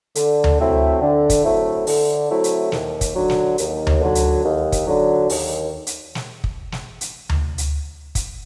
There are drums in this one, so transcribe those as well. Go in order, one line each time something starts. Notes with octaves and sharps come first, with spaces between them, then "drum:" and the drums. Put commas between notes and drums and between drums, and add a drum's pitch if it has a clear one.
D3, drum: hi-hat
drum: tom D2
F#3 A3 C4 E4
D3
drum: kick, hi-hat
F#3 A3 C4 E4
D3, drum: open hi-hat
F#3 A3 C4 E4
drum: hi-hat
D#2, drum: snare
drum: kick, hi-hat
D3 F#3
drum: snare
D#2, drum: hi-hat
drum: tom D2
D3 F#3
drum: hi-hat
D#2
drum: kick, hi-hat
D3 F#3
D#2, drum: open hi-hat
drum: hi-hat
drum: snare
drum: kick
drum: snare
drum: hi-hat
drum: tom D2
drum: hi-hat
drum: kick, hi-hat